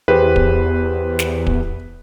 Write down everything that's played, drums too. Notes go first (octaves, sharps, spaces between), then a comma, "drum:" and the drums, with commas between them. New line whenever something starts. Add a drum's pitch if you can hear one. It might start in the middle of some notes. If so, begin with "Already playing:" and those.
E2 G4 G#4 B4 C5
drum: kick D1
drum: snare
drum: kick D1